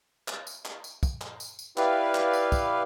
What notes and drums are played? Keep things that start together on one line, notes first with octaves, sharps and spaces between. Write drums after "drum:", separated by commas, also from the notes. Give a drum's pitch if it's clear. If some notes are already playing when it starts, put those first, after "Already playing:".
drum: clap
drum: tambourine
drum: clap
drum: tambourine
drum: kick, tambourine
drum: clap
drum: tambourine
drum: tambourine
E4 G4 B4 D5 F5, drum: clap
drum: clap
drum: tambourine
drum: kick, tambourine